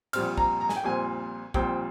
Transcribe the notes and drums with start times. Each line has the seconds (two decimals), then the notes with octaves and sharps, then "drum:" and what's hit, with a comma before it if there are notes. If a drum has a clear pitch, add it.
0.13 A#1 A#2 G3 C4 F6, drum: cymbal
0.38 A#5, drum: kick A#1
0.61 A#5
0.69 G#5, drum: snare
0.76 G5
0.84 A#1 A#2 G3 C4 G#5
1.54 A#1 A#2 G3 C4 G5, drum: kick A#1